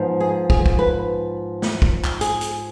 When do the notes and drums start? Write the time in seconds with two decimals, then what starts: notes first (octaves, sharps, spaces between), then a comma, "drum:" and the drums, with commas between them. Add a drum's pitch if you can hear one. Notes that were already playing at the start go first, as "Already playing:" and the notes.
Already playing: G#2 F3 B3
0.20 G#4
0.50 G#4, drum: kick
0.66 drum: kick
0.79 B4
1.62 drum: snare
1.82 drum: kick
2.04 drum: clap
2.21 G#4, drum: hi-hat
2.41 drum: hi-hat